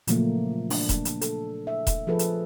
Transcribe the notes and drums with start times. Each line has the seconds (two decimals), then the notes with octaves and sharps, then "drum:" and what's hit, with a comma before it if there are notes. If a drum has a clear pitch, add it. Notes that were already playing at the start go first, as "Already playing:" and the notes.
0.07 A#2 C#3 F3 F#3 A3 A#3, drum: hi-hat
0.70 D4, drum: open hi-hat
0.89 drum: kick E1, hi-hat
1.05 drum: hi-hat
1.21 A4, drum: hi-hat
1.67 E5
1.87 drum: kick E1, hi-hat
2.07 F3 G#4 A4 B4
2.19 drum: hi-hat